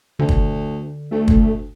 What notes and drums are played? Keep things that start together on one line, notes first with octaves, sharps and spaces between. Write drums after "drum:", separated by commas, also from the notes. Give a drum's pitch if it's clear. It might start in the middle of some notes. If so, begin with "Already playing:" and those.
D2 D3
drum: kick
D2 A3
drum: kick